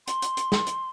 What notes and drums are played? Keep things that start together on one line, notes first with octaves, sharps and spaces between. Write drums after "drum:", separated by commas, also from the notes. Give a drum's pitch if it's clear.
C6, drum: hi-hat
drum: hi-hat
drum: hi-hat
drum: snare
drum: hi-hat